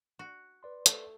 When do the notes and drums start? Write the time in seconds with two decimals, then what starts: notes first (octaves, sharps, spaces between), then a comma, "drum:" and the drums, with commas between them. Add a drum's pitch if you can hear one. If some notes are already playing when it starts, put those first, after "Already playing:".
0.19 F#4
0.63 B4 D5 C6
0.86 A3, drum: hi-hat